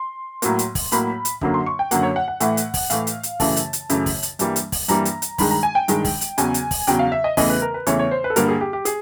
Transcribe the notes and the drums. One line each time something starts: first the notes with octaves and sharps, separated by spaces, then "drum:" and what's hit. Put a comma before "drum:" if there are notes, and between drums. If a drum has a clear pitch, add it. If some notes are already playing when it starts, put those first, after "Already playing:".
Already playing: C6
A2 F#3 A#3, drum: hi-hat
drum: hi-hat
drum: kick, open hi-hat
A2 F#3 A#3 B5, drum: hi-hat
drum: hi-hat
F#2 D3 F#3 A#3, drum: kick
C6
C#6
G5
F#2 D3 F#3 A#3 F#5, drum: hi-hat
C#5
F#5
F#5
A2 E3 A3 F#5, drum: hi-hat
drum: hi-hat
drum: kick, open hi-hat
A2 E3 A3 F5, drum: hi-hat
drum: hi-hat
drum: hi-hat
F#2 C#3 E3 A3 A5, drum: kick, open hi-hat
drum: hi-hat
drum: hi-hat
F#2 C#3 E3 A3, drum: hi-hat
drum: kick, open hi-hat
drum: hi-hat
G2 E3 G3 A#3, drum: hi-hat
drum: hi-hat
drum: kick, open hi-hat
G2 E3 G3 A#3 A#5, drum: hi-hat
drum: hi-hat
drum: hi-hat
G2 D#3 G#3 B5, drum: kick, open hi-hat
A#5
G#5
G5
G2 D#3 G#3, drum: hi-hat
drum: kick, open hi-hat
drum: hi-hat
E2 C#3 F#3 G#5, drum: hi-hat
drum: hi-hat
drum: kick, open hi-hat
E2 C#3 F#3 G5, drum: hi-hat
F5
E5
D#5
E2 C#3 E3 A3 D#5, drum: kick, open hi-hat
B4
A#4
B4
E2 C#3 E3 A3 C#5, drum: hi-hat
C#5
C5
B4
A4
G2 D3 G3 A#3 A#4, drum: hi-hat
G#4
G4
G4
G#4, drum: hi-hat